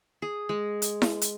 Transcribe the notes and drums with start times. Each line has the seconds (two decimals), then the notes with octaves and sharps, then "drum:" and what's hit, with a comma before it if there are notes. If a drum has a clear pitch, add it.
0.22 G#4
0.49 G#3
0.82 drum: hi-hat
1.02 drum: snare E4
1.21 drum: hi-hat